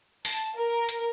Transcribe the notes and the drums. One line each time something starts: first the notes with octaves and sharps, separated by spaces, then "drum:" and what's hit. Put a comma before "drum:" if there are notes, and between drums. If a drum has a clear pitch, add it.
A5, drum: open hi-hat
A#4
drum: hi-hat